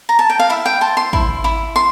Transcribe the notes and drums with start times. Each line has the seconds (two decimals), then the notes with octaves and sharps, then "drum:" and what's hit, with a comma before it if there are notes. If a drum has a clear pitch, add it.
0.09 A#5
0.19 A5
0.30 G5
0.39 F5
0.50 E4 E5
0.66 G5
0.81 C5 A5
0.97 C6
1.13 E4, drum: kick
1.44 E4
1.76 C6